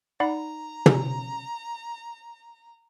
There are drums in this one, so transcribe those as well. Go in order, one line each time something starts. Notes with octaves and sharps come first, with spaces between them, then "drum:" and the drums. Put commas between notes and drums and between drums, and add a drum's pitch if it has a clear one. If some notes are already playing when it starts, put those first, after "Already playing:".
D#4 D5 F#5 A#5 B5
drum: tom